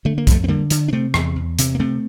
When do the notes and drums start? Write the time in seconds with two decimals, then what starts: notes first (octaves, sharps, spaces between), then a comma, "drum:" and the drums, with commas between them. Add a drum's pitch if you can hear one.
0.05 D3 A3
0.18 A#3
0.27 F2 F3 A3, drum: kick B1, hi-hat
0.44 C4
0.48 D3 G3 A#3
0.70 D3, drum: hi-hat
0.88 D4
0.92 C3 A3 C4
1.14 E2, drum: rim click
1.36 E2
1.59 C3, drum: hi-hat
1.75 A#3
1.79 C3 A3 C4